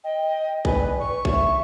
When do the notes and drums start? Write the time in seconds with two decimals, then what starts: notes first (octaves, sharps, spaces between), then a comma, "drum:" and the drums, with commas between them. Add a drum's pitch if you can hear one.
0.04 D#5 G5
0.65 B4 G#5, drum: kick
0.79 D5
1.00 B4 C#6
1.25 E5, drum: kick